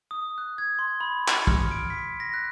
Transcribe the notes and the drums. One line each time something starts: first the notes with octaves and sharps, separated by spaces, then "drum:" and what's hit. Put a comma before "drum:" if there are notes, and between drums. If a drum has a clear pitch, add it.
D#6
F#6
G#6
C6
B5
C#7, drum: clap
F6, drum: kick
D7
B6
A#6
F#6